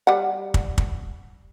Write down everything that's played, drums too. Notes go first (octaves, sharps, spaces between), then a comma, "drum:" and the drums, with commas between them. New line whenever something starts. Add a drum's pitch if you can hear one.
G3 F#5
drum: kick
drum: kick